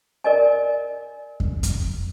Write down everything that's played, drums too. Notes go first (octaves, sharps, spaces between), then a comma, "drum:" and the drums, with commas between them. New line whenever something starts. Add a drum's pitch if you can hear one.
A#4 D5 D#5 G#5
drum: kick F2
drum: kick F2, hi-hat